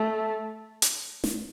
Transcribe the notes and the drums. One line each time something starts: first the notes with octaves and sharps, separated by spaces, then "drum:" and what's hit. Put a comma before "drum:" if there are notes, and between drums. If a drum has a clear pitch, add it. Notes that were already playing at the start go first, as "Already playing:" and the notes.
Already playing: A3
drum: hi-hat
drum: snare